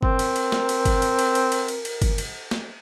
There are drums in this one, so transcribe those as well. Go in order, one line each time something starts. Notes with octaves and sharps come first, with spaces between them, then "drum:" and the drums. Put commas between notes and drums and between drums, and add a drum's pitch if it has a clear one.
C4 A#4, drum: kick G1
drum: cymbal
drum: cymbal
drum: snare
drum: cymbal
drum: kick G1, cymbal
drum: cymbal
drum: cymbal
drum: cymbal
drum: cymbal
drum: cymbal
drum: cymbal
drum: kick G1, cymbal
drum: cymbal
drum: snare